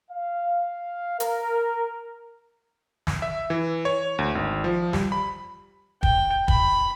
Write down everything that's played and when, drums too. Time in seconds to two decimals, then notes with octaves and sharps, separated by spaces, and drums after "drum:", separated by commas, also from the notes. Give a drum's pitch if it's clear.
0.11 F5
1.20 A#4, drum: hi-hat
3.07 drum: snare
3.22 E5
3.50 E3
3.85 C#5
4.19 D2
4.35 G#1
4.64 F3
4.93 G3, drum: snare
5.12 B5
6.03 G5, drum: kick
6.48 B5, drum: kick